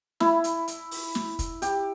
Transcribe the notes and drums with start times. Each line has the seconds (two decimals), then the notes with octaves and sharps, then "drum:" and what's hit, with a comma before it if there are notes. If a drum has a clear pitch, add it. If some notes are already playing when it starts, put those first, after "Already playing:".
0.20 E4, drum: snare
0.44 drum: hi-hat
0.68 drum: hi-hat
0.91 drum: open hi-hat
1.15 drum: snare
1.39 drum: kick, hi-hat
1.62 G4, drum: hi-hat